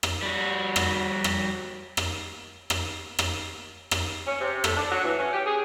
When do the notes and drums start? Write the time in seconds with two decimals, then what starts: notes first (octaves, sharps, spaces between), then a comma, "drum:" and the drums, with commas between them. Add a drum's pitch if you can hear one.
0.03 drum: rim click
0.22 G3 F#4
0.76 drum: rim click
1.24 drum: rim click
1.97 drum: rim click
2.70 drum: rim click
3.19 drum: rim click
3.91 drum: rim click
4.26 C#4
4.40 C3
4.64 A3, drum: rim click
4.76 D4
4.90 F#3
5.05 E3
5.19 C#4
5.33 G4
5.45 G#4